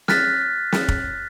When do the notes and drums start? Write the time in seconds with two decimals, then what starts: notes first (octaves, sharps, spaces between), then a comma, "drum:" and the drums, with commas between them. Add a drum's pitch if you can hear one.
0.08 F6 F#6 A6 B6, drum: snare
0.72 drum: snare
0.88 drum: kick